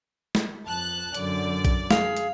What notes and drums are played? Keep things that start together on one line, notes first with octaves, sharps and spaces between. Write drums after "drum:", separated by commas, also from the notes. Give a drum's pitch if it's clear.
drum: snare
F2 A5 F#6
F#2 D3 D5, drum: hi-hat
drum: kick A#1, hi-hat
G#4 F5, drum: snare
drum: hi-hat